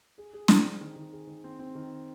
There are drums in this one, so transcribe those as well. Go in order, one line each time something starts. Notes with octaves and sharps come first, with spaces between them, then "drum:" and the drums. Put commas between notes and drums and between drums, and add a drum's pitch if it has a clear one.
G#4
G#4
C4, drum: snare
C4
D#3
D#3
G#4
D#3
C4
C4
D#3